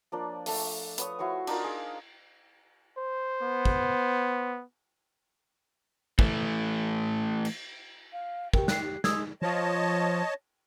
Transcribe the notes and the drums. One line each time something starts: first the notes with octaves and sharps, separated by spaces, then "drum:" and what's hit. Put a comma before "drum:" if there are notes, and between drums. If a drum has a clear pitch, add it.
F3 A#3 D4
A3 A4, drum: open hi-hat
B4 C#5 C#6 D#6, drum: hi-hat
E4 F#4 C5 C#6
D4 D#4 F4 A#4, drum: cymbal
G#4
C5
B3
drum: kick
E3 A3, drum: kick
drum: cymbal
F5
G4 A#4 G5, drum: kick
F#6 C7, drum: snare
G4
G#3 D#6 E6 G#6, drum: snare
F3 C#5 D#5 A5